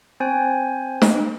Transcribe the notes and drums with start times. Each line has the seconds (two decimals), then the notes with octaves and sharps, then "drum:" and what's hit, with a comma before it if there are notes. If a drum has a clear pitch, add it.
0.20 C4 C5 G#5
1.02 drum: snare